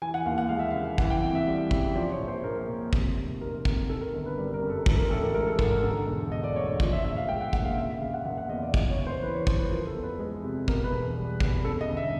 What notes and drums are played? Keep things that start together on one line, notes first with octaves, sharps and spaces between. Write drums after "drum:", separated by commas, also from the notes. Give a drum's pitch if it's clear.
E3 G#5
F#5
D#2 F5
F#5
G#3 F5
E5
F5
C#3
E3 F#5, drum: kick
G5
F2 F#5
E5
G3
C#3, drum: kick
F3 D5
C#5
A#1
C5
A#1 A#4
A#2
C3, drum: kick
F1
F1 A#4
F2, drum: kick
D#3 A4
A#4
G1 A#4
B4
G3 A#4
A#4
F#2
A4
F3 A4, drum: kick
A#4
A1 A4
A#4
G#3 A#4
A4
G#2 A#4, drum: kick
A#4
D3 A4
E1
E1 D#5
D5
D2 C#5
C#5
F3 D5, drum: kick
E5
A#1 E5
F5
G#3 G5
F#5
A#2 F#5, drum: kick
F5
C#3 E5
E5
F#1 F5
F#5
F#1 F#5
F#5
E2 D#5
D5
C#3 D#5, drum: kick
C#5
F#1
C5
E3 B4
C#5
F#2 C5, drum: kick
B4
F3 A#4
A4
E2
B4
G#3
C3
B2 A#4, drum: kick
B4
E1
G3
E2, drum: kick
C#3 A4
D#5
G1
E5